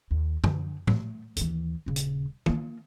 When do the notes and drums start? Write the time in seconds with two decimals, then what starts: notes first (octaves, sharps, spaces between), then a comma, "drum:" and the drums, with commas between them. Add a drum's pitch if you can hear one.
0.11 D#2
0.44 D3, drum: tom F#2
0.87 A3, drum: tom A2
1.36 D#2 E3, drum: hi-hat
1.86 D#1 C#3
1.96 drum: hi-hat
2.46 A#3 F4, drum: tom D#3